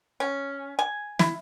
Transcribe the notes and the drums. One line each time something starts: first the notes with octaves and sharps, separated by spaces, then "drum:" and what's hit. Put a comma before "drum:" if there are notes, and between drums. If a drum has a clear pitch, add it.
C#4
G#5
E4, drum: snare